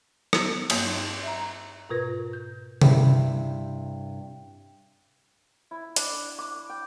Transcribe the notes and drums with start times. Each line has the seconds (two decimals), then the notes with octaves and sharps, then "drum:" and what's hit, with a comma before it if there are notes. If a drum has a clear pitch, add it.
0.33 B3 E6, drum: rim click
0.70 G2 F#3 A#3 C#5 D#6 A#6, drum: cymbal
0.86 D#4
1.23 E5 A#5
1.90 G#2 B2 F4 A#4 B4 A#6
2.33 G6
2.82 G2 C3 E4, drum: tom C3
5.71 E4
5.96 D4, drum: hi-hat
6.38 D6
6.69 G5